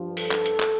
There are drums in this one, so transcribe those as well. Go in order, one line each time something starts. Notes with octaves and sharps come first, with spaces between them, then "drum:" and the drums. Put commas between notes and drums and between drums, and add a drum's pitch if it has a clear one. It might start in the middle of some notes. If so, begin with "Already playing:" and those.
Already playing: G2 F3
A4, drum: open hi-hat
drum: clap
drum: hi-hat
drum: clap